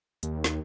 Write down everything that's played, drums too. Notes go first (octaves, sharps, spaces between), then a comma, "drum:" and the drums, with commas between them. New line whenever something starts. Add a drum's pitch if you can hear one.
D#2, drum: hi-hat
drum: snare